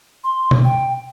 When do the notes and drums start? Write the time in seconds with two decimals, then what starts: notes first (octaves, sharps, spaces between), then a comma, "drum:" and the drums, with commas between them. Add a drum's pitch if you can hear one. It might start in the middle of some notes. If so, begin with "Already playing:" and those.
0.24 C6
0.51 drum: tom B2
0.64 G5